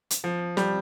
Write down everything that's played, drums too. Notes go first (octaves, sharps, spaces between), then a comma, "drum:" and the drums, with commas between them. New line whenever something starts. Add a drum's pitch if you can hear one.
drum: hi-hat
F3
G3, drum: snare